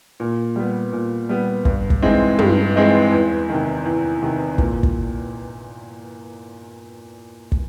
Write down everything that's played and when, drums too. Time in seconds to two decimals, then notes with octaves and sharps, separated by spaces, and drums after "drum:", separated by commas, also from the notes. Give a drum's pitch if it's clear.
0.20 A#2
0.56 G3 B3
0.92 A#2
1.29 G3 B3
1.65 G2, drum: kick
1.90 drum: kick
2.02 E3 G#3 C4 D#4
2.39 G2, drum: tom
2.76 E3 G#3 C4 D#4
3.12 E2
3.49 C3 D#3
3.86 E2
4.22 C3 D#3
4.58 A#2, drum: kick
4.83 drum: kick
7.52 drum: kick